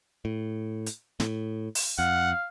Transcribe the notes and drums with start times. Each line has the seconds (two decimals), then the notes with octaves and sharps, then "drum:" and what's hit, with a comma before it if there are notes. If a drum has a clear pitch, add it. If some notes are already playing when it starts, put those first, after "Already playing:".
0.25 A2
0.86 drum: hi-hat
1.20 A2, drum: snare
1.75 drum: open hi-hat
1.99 F2 F5 F#5